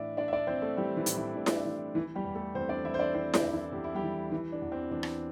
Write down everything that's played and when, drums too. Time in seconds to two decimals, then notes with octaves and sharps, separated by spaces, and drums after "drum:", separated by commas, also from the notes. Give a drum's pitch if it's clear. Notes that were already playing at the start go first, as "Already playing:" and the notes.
Already playing: A2 E3 D4 D5 E5
0.17 A2 D4 D5
0.28 E5
0.33 D4 D5
0.47 E3 C4 C5
0.62 A3 A4
0.77 E3 G3 G4
0.97 E3 E4
1.06 A2, drum: hi-hat
1.17 E3 E4
1.36 A2 D4
1.46 drum: snare E4
1.56 D4
1.65 E3
1.95 E3 E4
2.15 G3 G4
2.25 E2
2.34 A3 A4
2.55 E2 C4 C5
2.69 D4 D5
2.84 E3 E4 E5
2.94 C5
2.99 D4 D5
3.14 E3 C4 C5
3.34 D4, drum: snare E4
3.43 E2
3.49 D4
3.53 E3 E4
3.73 E2 G4
3.84 E4
3.95 G3 G4
4.03 E3
4.32 E3 E4
4.52 D4
4.62 E2
4.72 C4
4.91 E2 D4
5.03 drum: rim click